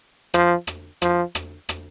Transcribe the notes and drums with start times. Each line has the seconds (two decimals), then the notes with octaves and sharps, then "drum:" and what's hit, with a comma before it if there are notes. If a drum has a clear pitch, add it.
0.34 F3, drum: rim click
0.67 drum: rim click
1.02 F3, drum: rim click
1.35 drum: rim click
1.69 drum: rim click